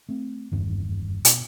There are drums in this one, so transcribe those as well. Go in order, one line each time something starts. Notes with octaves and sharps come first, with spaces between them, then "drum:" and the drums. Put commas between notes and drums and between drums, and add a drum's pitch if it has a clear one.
A3 C4
F#1 E2 G2 D#3
B2, drum: hi-hat